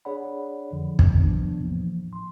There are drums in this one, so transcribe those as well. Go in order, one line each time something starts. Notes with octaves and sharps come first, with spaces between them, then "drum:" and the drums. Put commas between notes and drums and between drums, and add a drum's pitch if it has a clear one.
D4 G#4 C#5 D5 F#5 B5
F2 D3 F3
drum: kick
E2 C3 D#3 F3 B3 D4
A2 E3 F3 A#3
C6